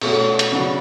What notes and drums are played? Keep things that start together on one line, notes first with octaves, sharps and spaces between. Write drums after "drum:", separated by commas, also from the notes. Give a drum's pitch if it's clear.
B2 A3 C#4 F#4, drum: cymbal
drum: hi-hat
C#3 F#3 B3 D4 F#4